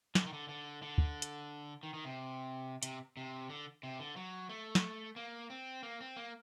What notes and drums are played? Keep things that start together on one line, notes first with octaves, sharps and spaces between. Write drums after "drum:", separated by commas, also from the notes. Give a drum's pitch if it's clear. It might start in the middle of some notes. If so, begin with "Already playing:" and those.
D3, drum: snare
D#3
D3
D3
D3
drum: kick
drum: hi-hat
D#3
D#3
C3
C3, drum: hi-hat
C3
D3
C3
D3
F#3
A3
drum: snare
A#3
C4
A#3
C4
A#3